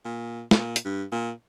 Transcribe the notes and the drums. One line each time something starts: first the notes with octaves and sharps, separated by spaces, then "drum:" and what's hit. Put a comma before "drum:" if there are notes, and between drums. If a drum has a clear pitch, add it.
A#2
B2, drum: snare
A#2
drum: hi-hat
G2
A#2